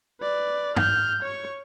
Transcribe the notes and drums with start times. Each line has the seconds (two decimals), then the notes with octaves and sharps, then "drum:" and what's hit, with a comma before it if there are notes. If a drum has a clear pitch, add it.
0.21 B4 D5
0.77 F6 G6, drum: tom G2
1.23 C#5 C#6